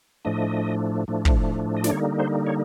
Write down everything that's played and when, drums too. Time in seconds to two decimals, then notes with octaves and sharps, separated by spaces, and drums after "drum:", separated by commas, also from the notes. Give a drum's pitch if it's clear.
0.25 A2 F3 A3 D4 D#5
1.08 A2 F3 A3 D4
1.25 drum: kick
1.77 D#5
1.84 D5, drum: snare
1.91 D3 G3 A#3 D#4 C#5
2.19 C5
2.47 C#5